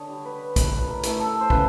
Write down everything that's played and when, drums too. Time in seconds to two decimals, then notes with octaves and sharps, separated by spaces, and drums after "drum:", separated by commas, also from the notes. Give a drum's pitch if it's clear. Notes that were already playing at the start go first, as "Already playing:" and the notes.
Already playing: D3 C#5 D#5
0.09 G3
0.25 B4
0.56 A2 B4, drum: kick, hi-hat
0.88 A#4
1.03 E3 A3, drum: hi-hat
1.20 A4
1.41 C5
1.50 C#3 B4, drum: kick